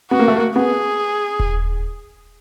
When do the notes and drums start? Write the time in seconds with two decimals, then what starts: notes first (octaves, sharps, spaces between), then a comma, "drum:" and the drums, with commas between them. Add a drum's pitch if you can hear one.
0.11 B3 F#4
0.19 A#3
0.28 A3
0.36 A#3
0.56 B3 G#4
1.39 drum: kick D#1